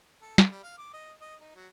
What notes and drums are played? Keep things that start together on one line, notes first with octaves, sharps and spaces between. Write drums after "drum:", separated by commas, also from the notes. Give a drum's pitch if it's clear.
A4
D3, drum: snare
G3
F5
D6
D#5
D#5
D#4
F#3